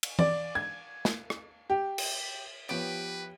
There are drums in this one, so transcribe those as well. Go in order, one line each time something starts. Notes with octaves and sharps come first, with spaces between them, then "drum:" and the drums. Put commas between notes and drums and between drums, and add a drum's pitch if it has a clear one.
drum: cymbal
D5, drum: tom E3
G#6
drum: snare
drum: rim click
G4
drum: cymbal
F3 B3 G4 B4 C#5